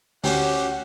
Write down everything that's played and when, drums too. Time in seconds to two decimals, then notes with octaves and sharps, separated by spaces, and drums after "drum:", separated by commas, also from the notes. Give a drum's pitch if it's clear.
0.24 D2 C#4 F#4 G4 F#5, drum: open hi-hat